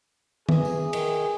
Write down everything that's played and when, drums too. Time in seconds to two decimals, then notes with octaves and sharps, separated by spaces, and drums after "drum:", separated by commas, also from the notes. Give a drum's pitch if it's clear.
0.49 E3 G#4, drum: tom D#3
0.65 drum: tambourine
0.93 D#3, drum: cymbal